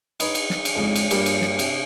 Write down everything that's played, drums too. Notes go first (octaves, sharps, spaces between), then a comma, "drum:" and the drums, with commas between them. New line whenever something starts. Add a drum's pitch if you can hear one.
D#4 B4 C#5, drum: cymbal
drum: cymbal
drum: snare
drum: cymbal
F2 G#2 C#3
drum: cymbal
G2 A#2 G3 F4 G4, drum: cymbal
drum: cymbal
drum: snare
C3, drum: cymbal